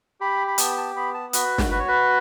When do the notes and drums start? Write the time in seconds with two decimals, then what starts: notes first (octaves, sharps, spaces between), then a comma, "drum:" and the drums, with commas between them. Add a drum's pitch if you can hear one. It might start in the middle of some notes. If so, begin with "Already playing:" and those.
0.21 G4 B5
0.47 B5
0.58 B3 A5, drum: hi-hat
0.78 A5
0.96 B3 B5
1.14 A5
1.33 F#4 B4, drum: hi-hat
1.58 drum: snare
1.71 F#4 B4
1.79 C#5
1.88 B4